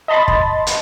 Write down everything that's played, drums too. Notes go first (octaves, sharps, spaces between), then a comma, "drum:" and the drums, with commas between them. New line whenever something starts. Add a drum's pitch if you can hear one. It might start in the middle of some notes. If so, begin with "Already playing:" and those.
D#5 A5 B5 C6 A6
drum: kick
drum: hi-hat